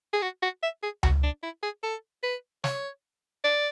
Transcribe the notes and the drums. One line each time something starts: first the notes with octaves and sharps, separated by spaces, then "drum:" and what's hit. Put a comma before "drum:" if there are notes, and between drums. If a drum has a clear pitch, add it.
G#4
F#4
F#4
E5
G#4
F#4, drum: tom C#2
D4
E4
G#4
A4
B4
C#5, drum: snare
D5